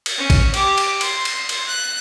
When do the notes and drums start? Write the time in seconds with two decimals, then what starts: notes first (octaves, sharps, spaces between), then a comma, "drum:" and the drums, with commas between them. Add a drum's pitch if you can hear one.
0.06 drum: cymbal
0.18 C#4
0.30 drum: kick A1, cymbal
0.54 G4 D6, drum: cymbal
0.78 drum: cymbal
1.01 C6, drum: cymbal
1.25 drum: cymbal
1.49 drum: cymbal
1.66 F#6